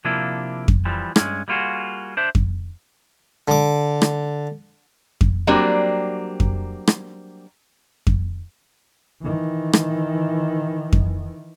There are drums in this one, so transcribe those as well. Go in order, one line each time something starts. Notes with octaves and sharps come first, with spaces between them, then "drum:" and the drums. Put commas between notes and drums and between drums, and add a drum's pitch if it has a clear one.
C3 F3 A#3 D4 E4
drum: kick F2
E3 F3 G3
G2 G#3 C#4, drum: rim click
G3 A#3 F4 F#4 G#4
D4 C5 E5
drum: kick F2
D3 D6
drum: rim click
drum: kick F2
F#3 G3 A#3 C4 D4 D5
drum: kick F2
drum: rim click
drum: kick F2
D#3 E3
drum: rim click
drum: kick F2